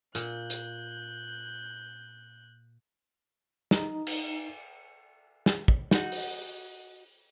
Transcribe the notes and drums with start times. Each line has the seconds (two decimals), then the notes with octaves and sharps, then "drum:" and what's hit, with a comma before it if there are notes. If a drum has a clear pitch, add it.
0.15 A#2 F#6 G6, drum: hi-hat
0.50 drum: hi-hat
3.71 D#4, drum: snare
4.07 drum: cymbal
5.46 drum: snare
5.68 drum: kick
5.91 D#4 F#4, drum: snare
6.12 drum: open hi-hat